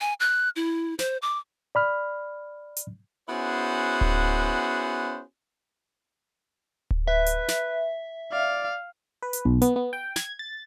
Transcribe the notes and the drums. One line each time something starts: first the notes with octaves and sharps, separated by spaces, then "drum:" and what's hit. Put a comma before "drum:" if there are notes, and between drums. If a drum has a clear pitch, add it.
G#5
F#6
E4
C5, drum: snare
D6
D5 B5 F6
drum: hi-hat
B3 C#4 E4 F#4 G#4 C5
drum: kick D1
drum: kick D1
B4 E5
drum: hi-hat
drum: snare
D5 F5
B4
drum: hi-hat
B1
B3, drum: hi-hat
B3
G5
G#6, drum: snare
A6